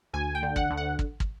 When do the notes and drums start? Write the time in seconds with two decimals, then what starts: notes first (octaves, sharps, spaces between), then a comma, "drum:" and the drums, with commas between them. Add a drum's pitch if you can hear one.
0.13 D2 G#5
0.35 G5
0.43 D3
0.56 F#5, drum: kick
0.71 D2
0.77 F#5
0.99 drum: kick
1.20 drum: kick